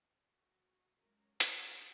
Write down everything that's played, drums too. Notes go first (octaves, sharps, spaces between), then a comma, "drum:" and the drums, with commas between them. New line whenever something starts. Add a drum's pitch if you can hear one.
F#4
F#3 G#3 C#4 A#4 C#5
drum: hi-hat